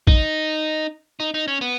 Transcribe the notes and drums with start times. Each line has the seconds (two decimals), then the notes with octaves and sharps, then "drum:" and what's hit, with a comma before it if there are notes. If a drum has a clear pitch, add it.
0.07 D#4, drum: kick
1.20 D#4
1.34 D#4
1.48 C#4
1.61 B3